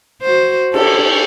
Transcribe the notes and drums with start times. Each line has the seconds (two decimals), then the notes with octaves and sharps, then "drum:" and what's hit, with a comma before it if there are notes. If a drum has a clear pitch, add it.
0.23 F#4 C5
0.74 G4 A4, drum: cymbal